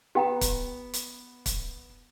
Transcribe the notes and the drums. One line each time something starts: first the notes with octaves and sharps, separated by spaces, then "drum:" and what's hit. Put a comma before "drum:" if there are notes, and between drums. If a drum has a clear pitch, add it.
B3 G4 G5 A#5
drum: kick, hi-hat
drum: hi-hat
drum: kick, hi-hat